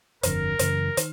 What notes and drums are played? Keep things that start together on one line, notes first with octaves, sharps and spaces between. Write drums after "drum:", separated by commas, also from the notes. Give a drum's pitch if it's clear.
G1 F2 D3 A#4, drum: hi-hat
F#2 C#3 E3, drum: hi-hat
D#3, drum: hi-hat